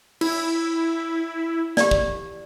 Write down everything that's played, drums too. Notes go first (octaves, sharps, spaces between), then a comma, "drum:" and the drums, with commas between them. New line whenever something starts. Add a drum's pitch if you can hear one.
E4, drum: cymbal
G4 D5, drum: snare
drum: kick